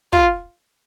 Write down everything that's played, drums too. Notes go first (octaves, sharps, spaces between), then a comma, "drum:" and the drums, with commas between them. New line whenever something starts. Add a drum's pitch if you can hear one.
F4, drum: kick